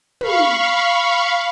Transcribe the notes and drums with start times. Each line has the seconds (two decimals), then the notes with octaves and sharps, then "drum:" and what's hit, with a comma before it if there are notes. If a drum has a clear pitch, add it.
0.21 F5 B5 C#6, drum: tom